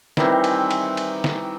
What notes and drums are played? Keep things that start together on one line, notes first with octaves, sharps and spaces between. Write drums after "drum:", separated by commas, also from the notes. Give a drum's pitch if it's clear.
D#3 E3 G3 C4, drum: snare
drum: cymbal
drum: cymbal
drum: cymbal
drum: snare